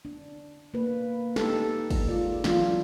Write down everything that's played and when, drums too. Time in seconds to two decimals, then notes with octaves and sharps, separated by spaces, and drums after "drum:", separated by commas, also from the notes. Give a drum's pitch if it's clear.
0.05 D4
0.74 A#3 B4
1.36 D#4 G4 A4, drum: snare
1.91 drum: kick, cymbal
2.08 G#3 F4 D5
2.44 E3 F#3 D4 F4, drum: snare